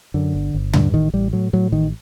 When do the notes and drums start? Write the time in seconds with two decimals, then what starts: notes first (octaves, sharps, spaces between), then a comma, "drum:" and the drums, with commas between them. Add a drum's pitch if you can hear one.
0.14 F#2 D3
0.35 G1
0.54 G1
0.73 G2 D3, drum: tom
0.93 A1 D#3
1.13 A1 G3
1.33 A2 F#3
1.53 A2 F#3
1.72 A1 D#3